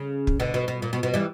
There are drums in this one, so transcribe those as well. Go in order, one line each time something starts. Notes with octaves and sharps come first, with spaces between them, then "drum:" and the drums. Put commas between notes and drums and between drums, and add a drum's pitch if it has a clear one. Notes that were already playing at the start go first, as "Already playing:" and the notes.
Already playing: C#3
drum: kick
B2 D3
B2
B2
A#2
B2
B2
E3 G3